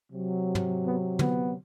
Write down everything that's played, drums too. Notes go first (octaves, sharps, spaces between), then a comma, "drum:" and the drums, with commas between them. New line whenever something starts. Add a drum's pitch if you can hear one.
C3 F#3
drum: tom
B3
B3, drum: tom